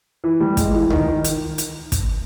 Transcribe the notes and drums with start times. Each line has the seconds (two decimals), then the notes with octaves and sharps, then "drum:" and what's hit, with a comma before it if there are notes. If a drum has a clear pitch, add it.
0.24 E3
0.40 G3
0.57 G#3, drum: kick, hi-hat
0.74 E3
0.90 D#3, drum: tom C#2
1.08 D#3
1.24 drum: hi-hat
1.58 drum: hi-hat
1.92 drum: kick, hi-hat